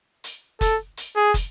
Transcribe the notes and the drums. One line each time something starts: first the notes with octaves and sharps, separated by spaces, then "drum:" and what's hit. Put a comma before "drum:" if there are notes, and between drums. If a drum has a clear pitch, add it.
drum: hi-hat
A4, drum: kick, hi-hat
drum: hi-hat
G#4
drum: kick, hi-hat